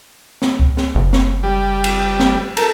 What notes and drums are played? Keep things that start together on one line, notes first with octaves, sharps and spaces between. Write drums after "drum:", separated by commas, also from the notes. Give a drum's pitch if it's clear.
drum: snare
drum: kick C#2
drum: snare
F#1
drum: snare
G3
drum: cymbal
drum: snare
A4 A#4, drum: cymbal